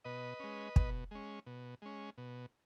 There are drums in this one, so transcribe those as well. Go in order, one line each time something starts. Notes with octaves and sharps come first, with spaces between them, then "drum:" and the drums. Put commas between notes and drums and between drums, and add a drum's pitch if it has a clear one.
B2 B4 D#5
G#3 C#4
B2, drum: kick
G#3 C#4
B2
G#3 C#4
B2